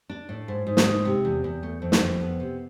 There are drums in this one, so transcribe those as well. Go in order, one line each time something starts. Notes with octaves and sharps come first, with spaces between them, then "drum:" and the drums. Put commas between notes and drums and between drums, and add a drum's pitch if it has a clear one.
D4
A2
G#2
G#2
drum: snare
G#3
C3
E2
E2
A3
F2
drum: snare
F2
B3
C3